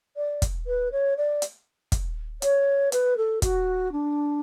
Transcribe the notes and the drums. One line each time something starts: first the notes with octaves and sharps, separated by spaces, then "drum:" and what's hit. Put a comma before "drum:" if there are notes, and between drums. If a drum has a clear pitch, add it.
D5
drum: kick, hi-hat
B4
C#5
D5
drum: hi-hat
drum: kick, hi-hat
C#5, drum: hi-hat
B4, drum: hi-hat
A4
F#4, drum: kick, hi-hat
D4